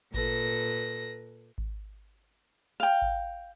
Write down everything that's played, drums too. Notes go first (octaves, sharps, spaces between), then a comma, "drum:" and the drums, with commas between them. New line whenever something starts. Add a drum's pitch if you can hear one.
A#2 A4 B4 A#6, drum: kick G#1
drum: kick G#1
F5 G5
drum: kick G#1